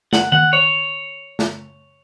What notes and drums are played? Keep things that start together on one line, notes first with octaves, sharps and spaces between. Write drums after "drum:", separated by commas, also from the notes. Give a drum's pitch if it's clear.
F#5, drum: snare
F#5, drum: tom D#3
C#5
drum: snare